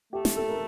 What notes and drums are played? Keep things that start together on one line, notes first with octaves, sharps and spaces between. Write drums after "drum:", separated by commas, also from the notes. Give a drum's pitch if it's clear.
A3 G4
G4, drum: snare
A4
A#4